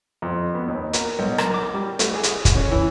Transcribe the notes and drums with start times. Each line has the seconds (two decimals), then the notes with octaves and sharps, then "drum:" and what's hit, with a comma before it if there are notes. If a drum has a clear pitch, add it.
0.22 F2
0.55 B3
0.68 D#2
0.93 A#4, drum: hi-hat
1.19 B1
1.38 A#4, drum: rim click
1.54 D6
1.74 G3
1.99 A3, drum: hi-hat
2.14 G#4
2.23 drum: hi-hat
2.45 drum: kick, hi-hat
2.55 C#4
2.71 E3